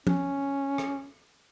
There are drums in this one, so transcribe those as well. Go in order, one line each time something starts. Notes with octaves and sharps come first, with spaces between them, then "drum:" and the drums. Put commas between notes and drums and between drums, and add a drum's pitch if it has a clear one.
C#4, drum: tom
drum: rim click